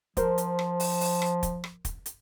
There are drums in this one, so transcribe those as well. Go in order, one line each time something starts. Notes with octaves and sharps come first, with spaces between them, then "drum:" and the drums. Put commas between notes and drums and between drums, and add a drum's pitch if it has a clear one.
F3 A#4 C5, drum: kick, hi-hat
drum: hi-hat
drum: rim click
drum: open hi-hat
drum: open hi-hat
drum: rim click
drum: kick, hi-hat
drum: rim click
drum: kick, hi-hat
drum: hi-hat